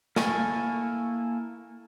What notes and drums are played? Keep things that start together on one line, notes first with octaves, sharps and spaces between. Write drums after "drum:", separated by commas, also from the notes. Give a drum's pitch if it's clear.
A#3 E4 A4 G#5 C#6, drum: snare